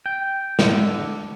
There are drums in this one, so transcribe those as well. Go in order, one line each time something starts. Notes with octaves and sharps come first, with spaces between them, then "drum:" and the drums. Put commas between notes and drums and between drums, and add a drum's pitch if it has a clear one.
G5
D3, drum: snare